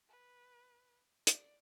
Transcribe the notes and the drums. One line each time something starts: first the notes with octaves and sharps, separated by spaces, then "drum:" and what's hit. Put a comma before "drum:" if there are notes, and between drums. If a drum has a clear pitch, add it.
B4
D5, drum: hi-hat